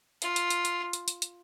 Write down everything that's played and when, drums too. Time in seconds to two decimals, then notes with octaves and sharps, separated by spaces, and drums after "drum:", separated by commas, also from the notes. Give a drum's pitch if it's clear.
0.22 F4, drum: hi-hat
0.36 drum: hi-hat
0.50 drum: hi-hat
0.65 drum: hi-hat
0.93 drum: hi-hat
1.08 drum: hi-hat
1.22 drum: hi-hat